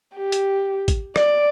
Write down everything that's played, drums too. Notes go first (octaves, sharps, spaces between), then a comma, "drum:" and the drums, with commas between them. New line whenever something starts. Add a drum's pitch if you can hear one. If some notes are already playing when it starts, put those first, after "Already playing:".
G4
drum: hi-hat
drum: kick A1, hi-hat
D5, drum: rim click